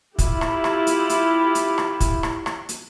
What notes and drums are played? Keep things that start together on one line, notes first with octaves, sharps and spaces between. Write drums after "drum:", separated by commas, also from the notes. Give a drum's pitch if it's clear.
E4 F4 G4, drum: kick, hi-hat
drum: rim click
drum: rim click
drum: hi-hat
drum: hi-hat
drum: hi-hat
drum: rim click
drum: kick, hi-hat
drum: rim click
drum: rim click
drum: hi-hat